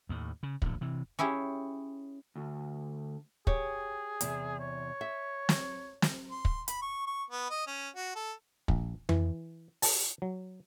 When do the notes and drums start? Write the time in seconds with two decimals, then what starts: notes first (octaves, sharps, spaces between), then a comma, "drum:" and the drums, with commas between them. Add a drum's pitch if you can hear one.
0.09 D#2 A2
0.43 C#3
0.62 D1 A#1 E2 D3, drum: kick
0.81 C3 E3
1.19 C#4 E4 G4 G#4
2.36 D2
3.47 G4 G#4 C#5, drum: kick
4.21 E2 C3, drum: hi-hat
4.60 C#5
5.01 E5
5.49 drum: snare
6.02 drum: snare
6.31 C6
6.45 drum: kick
6.68 B5, drum: hi-hat
6.82 C#6
7.07 C#6
7.31 B3
7.50 D#5
7.67 C#4
7.96 F#4
8.16 A4
8.68 A#1, drum: kick
9.09 E3, drum: tom F2
9.82 A5, drum: open hi-hat
10.22 F#3